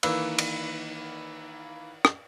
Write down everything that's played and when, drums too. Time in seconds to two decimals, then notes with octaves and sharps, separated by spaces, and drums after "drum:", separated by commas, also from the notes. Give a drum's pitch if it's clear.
0.03 D#3 E3 A#3 B4 E6, drum: cymbal
0.38 drum: cymbal
2.05 drum: rim click